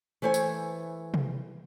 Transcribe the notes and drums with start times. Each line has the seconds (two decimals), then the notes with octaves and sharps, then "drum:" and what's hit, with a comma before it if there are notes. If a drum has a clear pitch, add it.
0.22 E3 A3 C5 C#5 G#5
0.34 drum: tambourine
1.14 drum: tom C3